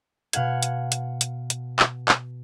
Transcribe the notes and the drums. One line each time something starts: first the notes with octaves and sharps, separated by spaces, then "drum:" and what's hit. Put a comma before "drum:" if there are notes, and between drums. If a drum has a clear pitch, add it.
B2 F5 F#5 G#6, drum: hi-hat
drum: hi-hat
drum: hi-hat
drum: hi-hat
drum: hi-hat
drum: clap
drum: clap